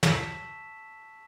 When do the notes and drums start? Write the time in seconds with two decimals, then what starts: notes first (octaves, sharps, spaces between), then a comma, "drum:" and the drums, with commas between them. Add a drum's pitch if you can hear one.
0.03 A5 C#6 E6 B6 E7, drum: snare